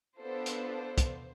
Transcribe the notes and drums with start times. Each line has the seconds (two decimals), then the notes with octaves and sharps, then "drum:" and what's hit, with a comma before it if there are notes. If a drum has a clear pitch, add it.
0.20 B3 D4 F4 A4 C5
0.46 drum: hi-hat
0.98 drum: kick, hi-hat